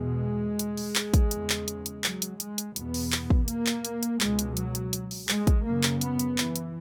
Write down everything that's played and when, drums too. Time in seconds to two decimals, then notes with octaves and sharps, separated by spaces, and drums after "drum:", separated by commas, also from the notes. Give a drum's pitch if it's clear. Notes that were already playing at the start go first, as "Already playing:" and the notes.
Already playing: E2 B2 G#3
0.59 drum: hi-hat
0.77 drum: open hi-hat
0.95 drum: clap
1.14 drum: kick, hi-hat
1.31 E2 C#3, drum: hi-hat
1.50 drum: clap
1.68 drum: hi-hat
1.86 drum: hi-hat
2.04 F#3, drum: clap
2.22 drum: hi-hat
2.40 G#3, drum: hi-hat
2.58 drum: hi-hat
2.76 E2 B2 B3, drum: hi-hat
2.94 drum: open hi-hat
3.12 drum: clap
3.30 drum: kick
3.48 A#3, drum: hi-hat
3.66 drum: clap
3.85 drum: hi-hat
4.03 drum: hi-hat
4.21 C#2 B2 G#3, drum: clap
4.39 drum: hi-hat
4.57 F#3, drum: hi-hat
4.75 drum: hi-hat
4.93 drum: hi-hat
5.11 drum: open hi-hat
5.29 G#3, drum: clap
5.47 drum: kick, hi-hat
5.65 F#2 C#3 A#3
5.83 drum: clap
6.01 B3, drum: hi-hat
6.19 drum: hi-hat
6.38 E3, drum: clap
6.56 drum: hi-hat